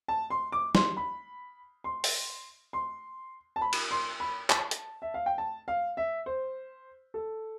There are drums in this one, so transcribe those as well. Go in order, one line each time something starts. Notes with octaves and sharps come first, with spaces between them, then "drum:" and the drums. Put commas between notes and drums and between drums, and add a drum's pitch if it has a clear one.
A5
C6
D6
C6, drum: snare
B5
C6
drum: open hi-hat
C6
A5
B5
drum: cymbal
C6
B5
A5, drum: clap
drum: hi-hat
E5
F5
G5
A5
F5
E5
C5
A4